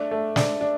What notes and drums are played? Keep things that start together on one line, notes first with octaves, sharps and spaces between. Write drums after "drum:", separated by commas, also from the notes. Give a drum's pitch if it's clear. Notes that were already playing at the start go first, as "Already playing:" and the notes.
Already playing: A3 D4
A3
D4, drum: snare
D4